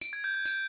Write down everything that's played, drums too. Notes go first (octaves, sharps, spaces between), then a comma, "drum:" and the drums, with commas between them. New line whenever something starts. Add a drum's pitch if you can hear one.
D7, drum: tambourine
G#6
G6
G#6
G6, drum: tambourine